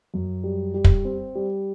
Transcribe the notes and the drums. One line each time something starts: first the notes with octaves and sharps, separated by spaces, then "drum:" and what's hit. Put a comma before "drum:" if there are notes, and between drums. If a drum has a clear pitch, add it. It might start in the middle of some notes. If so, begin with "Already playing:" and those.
F#2
G3
G3
drum: kick
C4
G3